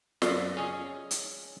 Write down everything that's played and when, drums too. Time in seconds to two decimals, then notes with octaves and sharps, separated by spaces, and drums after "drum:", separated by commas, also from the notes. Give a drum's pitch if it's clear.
0.22 F#2 F4 D5 D#5, drum: snare
0.57 C#4 G#4
1.11 drum: hi-hat